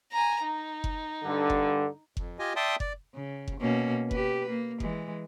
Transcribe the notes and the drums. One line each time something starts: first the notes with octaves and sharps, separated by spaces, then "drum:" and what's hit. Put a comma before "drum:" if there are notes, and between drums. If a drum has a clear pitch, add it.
G#5 A#5
D#4
drum: kick F#1
G2 D3
drum: kick F#1
F2, drum: kick F#1
F4 G4 D#5 G#5
D5 E5 G5 A5 C6 D#6
D5, drum: kick F#1
C#3
drum: kick F#1
B2 A#3 C#4
G4 B4, drum: kick F#1
A#3
E3 G#3, drum: kick F#1